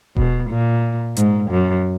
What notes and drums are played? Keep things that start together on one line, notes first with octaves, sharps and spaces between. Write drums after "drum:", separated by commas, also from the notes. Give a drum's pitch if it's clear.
B2, drum: kick D#1
A#2
G#2, drum: hi-hat
F#2